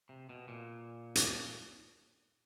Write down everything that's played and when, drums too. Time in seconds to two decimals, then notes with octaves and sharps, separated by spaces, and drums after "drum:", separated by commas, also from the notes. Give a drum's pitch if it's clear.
0.09 C3
0.29 B2
0.48 A#2
1.15 drum: hi-hat